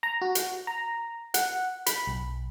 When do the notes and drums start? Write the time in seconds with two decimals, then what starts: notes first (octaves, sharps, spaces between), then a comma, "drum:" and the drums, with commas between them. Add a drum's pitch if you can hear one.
0.03 A#5
0.22 F#4
0.35 drum: hi-hat
0.67 A#5
1.34 F#5, drum: hi-hat
1.86 B5, drum: hi-hat
2.07 B1